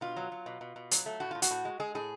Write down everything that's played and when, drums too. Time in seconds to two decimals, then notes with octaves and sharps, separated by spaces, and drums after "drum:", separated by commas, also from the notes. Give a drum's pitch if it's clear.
0.01 B2 F4
0.16 F#3
0.32 F#3
0.46 B2
0.61 B2
0.76 B2
0.91 F#3, drum: hi-hat
1.06 A3
1.20 A2 F#4
1.31 A2 F4
1.42 F#4, drum: hi-hat
1.51 A2
1.65 G#3
1.80 G#3 G#4
1.95 A2 G#4